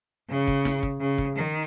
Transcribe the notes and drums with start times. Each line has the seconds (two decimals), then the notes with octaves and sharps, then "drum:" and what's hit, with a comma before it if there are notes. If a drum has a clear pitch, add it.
0.30 C#3
0.48 drum: kick
0.65 drum: snare
0.83 drum: kick
1.00 C#3
1.18 drum: kick
1.36 D#3